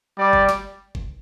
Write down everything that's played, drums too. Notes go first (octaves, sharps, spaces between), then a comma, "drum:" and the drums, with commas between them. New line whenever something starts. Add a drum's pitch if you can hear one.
G3 D5
drum: kick F#1
drum: snare
drum: kick F#1